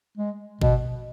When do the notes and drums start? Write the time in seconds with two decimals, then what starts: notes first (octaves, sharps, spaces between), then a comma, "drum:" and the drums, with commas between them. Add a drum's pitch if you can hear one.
0.18 G#3
0.62 B2, drum: kick G#1